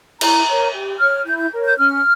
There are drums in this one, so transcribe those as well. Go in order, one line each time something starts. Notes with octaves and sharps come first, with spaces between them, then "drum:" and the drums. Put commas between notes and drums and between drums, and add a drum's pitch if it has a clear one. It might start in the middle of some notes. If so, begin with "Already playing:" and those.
E4 A#5, drum: cymbal
A#4 C#5
G4
C#5 F6
E4 G6
G6
A#4 C#5
G6
C#4 F6